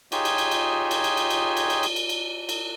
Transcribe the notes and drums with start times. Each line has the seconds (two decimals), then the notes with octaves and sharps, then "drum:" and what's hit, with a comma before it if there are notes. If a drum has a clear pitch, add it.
0.12 D#4 F4 G4 G#4 C#5, drum: cymbal
0.25 drum: cymbal
0.38 drum: cymbal
0.51 drum: cymbal
0.91 drum: cymbal
1.04 drum: cymbal
1.17 drum: cymbal
1.30 drum: cymbal
1.57 drum: cymbal
1.70 drum: cymbal
1.83 drum: cymbal
1.96 drum: cymbal
2.09 drum: cymbal
2.49 drum: cymbal